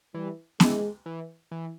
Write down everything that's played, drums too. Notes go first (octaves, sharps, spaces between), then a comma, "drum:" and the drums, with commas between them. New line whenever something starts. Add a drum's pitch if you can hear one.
E3 G3
E3 G#3, drum: snare B3
E3
E3